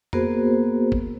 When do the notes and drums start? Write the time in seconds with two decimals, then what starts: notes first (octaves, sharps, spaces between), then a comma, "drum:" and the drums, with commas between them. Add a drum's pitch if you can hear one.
0.13 A#3 B3 F#4 G#4 A#4 C5, drum: tom F2
0.92 drum: kick